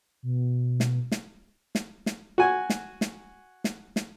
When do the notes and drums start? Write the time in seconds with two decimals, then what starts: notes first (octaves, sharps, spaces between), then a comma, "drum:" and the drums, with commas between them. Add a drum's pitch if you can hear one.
0.23 B2
0.80 drum: snare
1.12 drum: snare
1.75 drum: snare
2.06 drum: snare
2.38 F#4 G#5
2.70 drum: snare
3.01 drum: snare
3.64 drum: snare
3.96 drum: snare